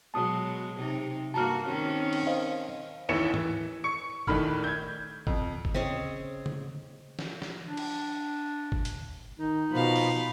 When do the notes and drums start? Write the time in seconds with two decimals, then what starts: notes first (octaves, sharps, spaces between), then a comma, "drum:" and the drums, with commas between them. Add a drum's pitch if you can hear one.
0.14 B2 F#3 G#3 A5 D#6
0.75 C3 D#4
1.34 G2 A#3 F#4 A5 A#5 F6
1.67 D#3 C4 C#4
2.13 drum: cymbal
2.27 C5 D#5 F5
3.09 A1 D#2 E4 C#5 C#7 E7
3.34 E3, drum: tom
3.84 C#6 C#7
4.27 A#1 A2 D#3 B5 F6, drum: kick
4.64 G6 G#6
5.27 F2, drum: kick
5.65 drum: kick
5.74 C#3 C4 C#5 D#5
6.46 drum: tom C#3
7.19 drum: snare
7.42 drum: snare
7.66 D4
7.77 drum: cymbal
8.72 drum: kick
8.85 drum: hi-hat
9.39 D#3 D#4
9.72 B2 F3 F5 B5
9.96 drum: open hi-hat